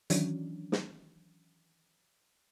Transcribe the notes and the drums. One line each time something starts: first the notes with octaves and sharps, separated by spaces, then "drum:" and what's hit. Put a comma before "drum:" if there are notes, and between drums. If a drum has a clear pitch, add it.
D#3 E3 F#3 C#4 D4, drum: hi-hat
drum: snare